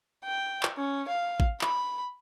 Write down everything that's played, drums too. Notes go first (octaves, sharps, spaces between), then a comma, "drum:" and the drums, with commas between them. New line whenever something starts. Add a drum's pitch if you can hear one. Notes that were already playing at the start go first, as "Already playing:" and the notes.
G5
drum: clap
C#4
F5
drum: kick
B5, drum: clap